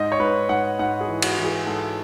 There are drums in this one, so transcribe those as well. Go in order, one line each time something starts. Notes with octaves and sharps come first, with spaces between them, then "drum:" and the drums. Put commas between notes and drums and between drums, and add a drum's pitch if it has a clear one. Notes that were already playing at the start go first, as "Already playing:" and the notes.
Already playing: G#2 D#5
C#5
G#2 B4
G#2 F#5
G#2 F#5
G#4
E3
F#4, drum: cymbal
E3
G#4
G#2 A4